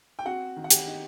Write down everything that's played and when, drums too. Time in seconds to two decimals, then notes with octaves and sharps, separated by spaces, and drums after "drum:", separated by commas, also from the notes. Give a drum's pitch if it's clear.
0.19 G5
0.25 C4 F#4 F#5
0.56 D#3
0.64 F#5
0.70 G4 G5, drum: hi-hat
0.87 D#4